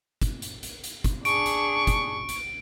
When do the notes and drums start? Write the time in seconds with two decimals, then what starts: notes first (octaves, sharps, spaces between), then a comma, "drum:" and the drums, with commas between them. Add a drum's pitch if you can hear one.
0.22 drum: kick, hi-hat
0.42 drum: hi-hat
0.63 drum: hi-hat
0.84 drum: hi-hat
1.04 drum: kick, hi-hat
1.25 D4 G#4 C#6 D7, drum: hi-hat
1.46 drum: hi-hat
1.87 drum: kick, hi-hat
2.29 drum: hi-hat